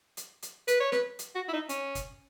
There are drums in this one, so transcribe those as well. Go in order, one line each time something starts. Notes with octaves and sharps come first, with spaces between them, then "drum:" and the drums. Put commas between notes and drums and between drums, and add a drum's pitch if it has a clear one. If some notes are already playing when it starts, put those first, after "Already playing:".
drum: hi-hat
drum: hi-hat
B4, drum: hi-hat
C#5
B4, drum: snare
drum: hi-hat
F#4
E4
D#4
C#4, drum: hi-hat
drum: kick, hi-hat